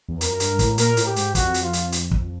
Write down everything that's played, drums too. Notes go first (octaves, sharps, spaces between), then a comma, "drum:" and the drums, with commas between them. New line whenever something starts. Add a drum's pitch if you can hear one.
E2
F2 A#4, drum: hi-hat
F#2
G2, drum: hi-hat
A2, drum: kick, hi-hat
A#2 A#4, drum: hi-hat
A2, drum: hi-hat
G4
G#2, drum: hi-hat
F2 F#4, drum: kick, hi-hat
drum: hi-hat
F4
drum: hi-hat
drum: hi-hat
drum: kick